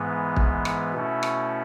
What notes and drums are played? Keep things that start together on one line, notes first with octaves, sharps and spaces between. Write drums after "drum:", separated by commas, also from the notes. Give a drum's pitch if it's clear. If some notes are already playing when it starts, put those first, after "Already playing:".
Already playing: G#2 E3 G#3 B3
drum: kick
drum: rim click
B2 A3 C#4 E4
drum: rim click